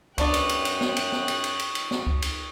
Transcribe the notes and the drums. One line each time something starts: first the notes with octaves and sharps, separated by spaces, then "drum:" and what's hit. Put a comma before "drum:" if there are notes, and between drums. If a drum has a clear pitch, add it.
F#2 B3 D4 D5 G5 C#6 D#6 F#6, drum: kick C#2, cymbal
drum: cymbal
drum: cymbal
drum: cymbal
drum: snare
drum: cymbal
drum: snare
drum: cymbal
drum: cymbal
drum: cymbal
drum: cymbal
drum: snare
drum: kick C#2
drum: cymbal